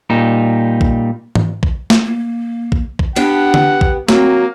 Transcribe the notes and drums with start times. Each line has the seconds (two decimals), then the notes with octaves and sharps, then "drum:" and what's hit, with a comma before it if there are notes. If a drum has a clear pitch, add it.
0.10 A#2 G3 D#4
0.81 drum: kick A#1
1.35 drum: tom G#2
1.63 drum: kick A#1
1.90 drum: snare
2.04 A#3
2.72 drum: kick A#1
2.99 drum: kick A#1
3.16 B3 D4 G4 F#5
3.54 drum: tom D3
3.81 drum: kick A#1
4.08 F#3 A#3 C4, drum: snare